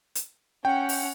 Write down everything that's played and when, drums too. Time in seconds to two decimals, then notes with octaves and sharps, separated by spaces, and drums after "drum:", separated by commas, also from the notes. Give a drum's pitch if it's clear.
0.15 drum: hi-hat
0.65 C#4 F#5 G5
0.89 drum: open hi-hat